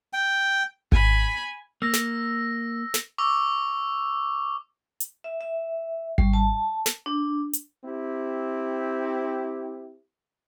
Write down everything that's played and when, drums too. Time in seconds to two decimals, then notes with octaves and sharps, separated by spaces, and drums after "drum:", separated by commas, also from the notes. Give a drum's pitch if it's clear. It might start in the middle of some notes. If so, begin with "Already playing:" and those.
0.13 G5
0.92 G#5 B5, drum: kick G#1
1.82 A#3 E6 A#6
1.93 drum: snare
2.94 drum: snare
3.18 C#6 D6 E6
5.00 drum: hi-hat
5.24 E5
5.41 E5
6.18 G3, drum: kick G#1
6.33 A5
6.86 drum: snare
7.06 D4
7.53 drum: hi-hat
7.85 C4 E4 G4